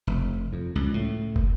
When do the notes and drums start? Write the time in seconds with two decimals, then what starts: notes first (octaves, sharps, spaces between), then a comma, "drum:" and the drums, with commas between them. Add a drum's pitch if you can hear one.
0.07 F1
0.53 F2
0.75 C#2
0.94 A2
1.36 drum: kick